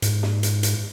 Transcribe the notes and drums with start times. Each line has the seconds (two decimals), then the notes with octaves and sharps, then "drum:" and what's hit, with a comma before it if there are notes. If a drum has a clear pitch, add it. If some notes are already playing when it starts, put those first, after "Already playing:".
0.02 G#2, drum: hi-hat
0.23 drum: snare
0.43 drum: hi-hat
0.63 drum: hi-hat